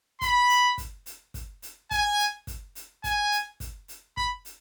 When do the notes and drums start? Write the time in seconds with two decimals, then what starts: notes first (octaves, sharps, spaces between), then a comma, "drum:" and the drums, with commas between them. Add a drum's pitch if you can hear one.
0.21 B5, drum: kick, hi-hat
0.49 drum: hi-hat
0.78 drum: kick, hi-hat
1.06 drum: hi-hat
1.34 drum: kick, hi-hat
1.62 drum: hi-hat
1.91 G#5, drum: kick, hi-hat
2.19 drum: hi-hat
2.47 drum: kick, hi-hat
2.75 drum: hi-hat
3.04 G#5, drum: kick, hi-hat
3.32 drum: hi-hat
3.60 drum: kick, hi-hat
3.88 drum: hi-hat
4.17 B5, drum: kick
4.45 drum: hi-hat